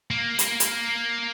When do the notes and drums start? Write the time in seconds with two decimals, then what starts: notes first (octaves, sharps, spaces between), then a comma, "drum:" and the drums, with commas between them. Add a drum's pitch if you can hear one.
0.11 A#3
0.39 drum: hi-hat
0.60 drum: hi-hat